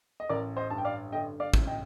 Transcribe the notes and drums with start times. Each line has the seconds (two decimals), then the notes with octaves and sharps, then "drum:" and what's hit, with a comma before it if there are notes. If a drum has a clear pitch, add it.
0.20 D#5
0.29 A1 A#4 D5
0.57 C5 D#5
0.70 G2 A5
0.78 G5
0.85 D5 F5
1.12 D3 D#5 G5
1.40 D5 F5
1.54 A1, drum: kick
1.67 D#5 G5